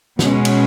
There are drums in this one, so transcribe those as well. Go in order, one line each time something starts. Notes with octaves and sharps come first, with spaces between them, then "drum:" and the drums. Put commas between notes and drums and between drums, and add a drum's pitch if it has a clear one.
B2 G#3 C#4, drum: snare
drum: cymbal